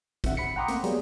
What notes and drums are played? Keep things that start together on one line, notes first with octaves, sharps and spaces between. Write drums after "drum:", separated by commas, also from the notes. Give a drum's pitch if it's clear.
B1 D3 C4 E5 F#5, drum: kick, hi-hat
B5 B6 C#7
F#5 G5 A#5 C6 D6 D#6
A3 A#3 C4, drum: hi-hat
F#3 G3 A#3 B3 G#4, drum: hi-hat